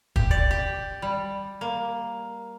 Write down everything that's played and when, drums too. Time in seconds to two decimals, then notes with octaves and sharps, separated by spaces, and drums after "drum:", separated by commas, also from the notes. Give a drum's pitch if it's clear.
0.16 G4, drum: kick
0.31 D5
0.51 G4
1.02 G3
1.61 A#3